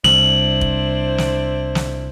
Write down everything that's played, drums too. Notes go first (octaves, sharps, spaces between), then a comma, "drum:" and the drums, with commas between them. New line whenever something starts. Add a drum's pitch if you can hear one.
C2 D4 E4 C5 F#7, drum: snare
drum: kick
drum: snare
drum: snare